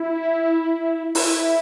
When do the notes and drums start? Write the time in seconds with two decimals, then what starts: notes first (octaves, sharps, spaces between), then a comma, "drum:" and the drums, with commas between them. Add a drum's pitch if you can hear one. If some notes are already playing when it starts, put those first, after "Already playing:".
Already playing: E4
1.15 E4, drum: open hi-hat